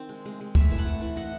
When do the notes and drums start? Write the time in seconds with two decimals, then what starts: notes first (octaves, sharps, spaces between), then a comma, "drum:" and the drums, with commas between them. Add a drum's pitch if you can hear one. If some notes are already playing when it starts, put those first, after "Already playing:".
Already playing: D#3 C4
0.09 G#3
0.26 G#3
0.41 G#3
0.55 A3 E5 G#5, drum: kick
0.70 E3
0.78 F#5 A5
0.86 A3
1.01 E3
1.16 E3 D#5 F#5